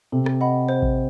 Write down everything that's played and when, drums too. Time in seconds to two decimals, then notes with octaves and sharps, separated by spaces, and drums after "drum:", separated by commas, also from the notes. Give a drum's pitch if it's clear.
0.12 C3 A4
0.26 drum: rim click
0.41 D#5 F#5 B5
0.69 C5
0.82 drum: kick A1